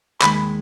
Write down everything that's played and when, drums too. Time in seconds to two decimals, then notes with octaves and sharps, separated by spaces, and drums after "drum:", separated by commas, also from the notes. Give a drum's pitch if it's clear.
0.21 D#2 D#3 G#3 B5, drum: clap